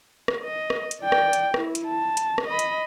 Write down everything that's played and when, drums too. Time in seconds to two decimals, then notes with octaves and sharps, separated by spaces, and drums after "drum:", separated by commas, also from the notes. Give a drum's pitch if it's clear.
0.28 drum: rim click
0.44 D#5
0.70 drum: rim click
0.91 drum: hi-hat
1.02 D5 G5
1.12 drum: rim click
1.33 drum: hi-hat
1.54 E4, drum: rim click
1.75 drum: hi-hat
1.87 A5
2.17 drum: hi-hat
2.38 drum: rim click
2.47 D#5 B5
2.59 drum: hi-hat